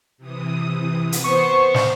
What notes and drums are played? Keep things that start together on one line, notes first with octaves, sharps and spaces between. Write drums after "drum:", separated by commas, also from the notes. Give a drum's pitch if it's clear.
C3 E3 D#6
drum: hi-hat
B3 C5 C#6
drum: snare